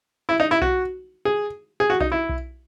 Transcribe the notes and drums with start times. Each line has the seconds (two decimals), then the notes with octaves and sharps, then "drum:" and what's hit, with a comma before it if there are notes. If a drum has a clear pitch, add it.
0.29 E4
0.40 D#4
0.51 E4
0.62 F#4, drum: kick B1
1.25 G#4
1.80 G#4
1.90 F#4
2.00 D#4, drum: kick B1
2.12 E4
2.29 drum: kick B1